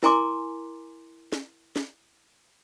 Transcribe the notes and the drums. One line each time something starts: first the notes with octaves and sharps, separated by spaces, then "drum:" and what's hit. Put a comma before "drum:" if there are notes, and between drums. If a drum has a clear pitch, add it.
E4 A#4 G#5 A#5 C6 D6, drum: snare
drum: snare
drum: snare